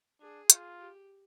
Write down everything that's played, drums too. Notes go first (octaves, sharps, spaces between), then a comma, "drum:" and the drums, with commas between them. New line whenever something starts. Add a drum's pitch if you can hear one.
D4 G#4
F4, drum: hi-hat
G4